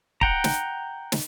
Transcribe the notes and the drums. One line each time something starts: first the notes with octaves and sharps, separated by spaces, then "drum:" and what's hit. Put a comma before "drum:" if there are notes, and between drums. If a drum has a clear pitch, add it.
F#5 G5 A#5, drum: kick
drum: snare
drum: snare